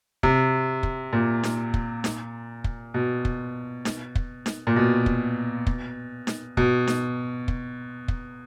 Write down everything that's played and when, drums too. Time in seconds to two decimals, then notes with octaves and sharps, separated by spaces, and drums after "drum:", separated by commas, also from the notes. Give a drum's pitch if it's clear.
0.23 C3, drum: kick
0.83 drum: kick
1.13 A#2
1.43 drum: snare D#4
1.74 drum: kick
2.04 drum: snare D#4
2.64 drum: kick
2.94 B2
3.25 drum: kick
3.85 drum: snare D#4
4.15 drum: kick
4.46 drum: snare D#4
4.67 A#2
4.76 B2
5.06 drum: kick
5.67 drum: kick
6.27 drum: snare D#4
6.57 B2, drum: kick
6.87 drum: snare D#4
7.48 drum: kick
8.08 drum: kick